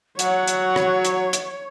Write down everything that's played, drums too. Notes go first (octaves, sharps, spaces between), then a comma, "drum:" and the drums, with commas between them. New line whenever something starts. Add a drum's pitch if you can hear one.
F#3 C#5 F#5, drum: hi-hat
drum: hi-hat
drum: rim click
drum: hi-hat
drum: hi-hat